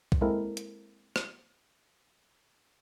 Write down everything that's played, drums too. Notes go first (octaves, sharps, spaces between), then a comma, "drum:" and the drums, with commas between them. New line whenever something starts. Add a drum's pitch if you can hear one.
drum: kick
G#3 A#3 C4 E4 A4 A#4
drum: hi-hat
drum: rim click